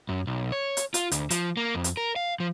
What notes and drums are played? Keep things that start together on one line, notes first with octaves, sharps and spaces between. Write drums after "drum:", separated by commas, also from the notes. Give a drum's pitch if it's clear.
F#2
B1
C#5
drum: hi-hat
F4, drum: hi-hat
D2, drum: hi-hat
F3, drum: hi-hat
A#3
F2
drum: hi-hat
A#4
F5
F3